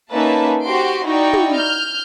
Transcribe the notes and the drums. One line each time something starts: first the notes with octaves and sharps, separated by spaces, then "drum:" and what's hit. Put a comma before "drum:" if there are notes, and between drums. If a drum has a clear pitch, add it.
A#3 C#4 D#4 B4 E5 A5
F#4 G4 C5 C6 D7
D#4 E4 F#4 D5 G5 C#6
drum: tom
F6 G6